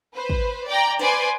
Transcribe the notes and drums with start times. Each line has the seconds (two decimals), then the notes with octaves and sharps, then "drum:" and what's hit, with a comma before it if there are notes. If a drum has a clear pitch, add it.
0.13 B4 C5
0.29 drum: kick
0.67 D5 G5 A#5
0.99 B4 C5 D5 G#5 C6, drum: snare